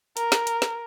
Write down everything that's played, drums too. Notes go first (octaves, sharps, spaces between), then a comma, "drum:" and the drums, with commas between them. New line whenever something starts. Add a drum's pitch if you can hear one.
A#4, drum: hi-hat
drum: snare
drum: hi-hat
drum: snare